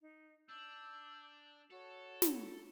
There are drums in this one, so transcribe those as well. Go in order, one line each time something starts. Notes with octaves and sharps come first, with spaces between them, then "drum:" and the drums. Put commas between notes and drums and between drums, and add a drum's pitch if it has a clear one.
D#4
D4 D6 E6 G6
F#4 A4 C#5
drum: snare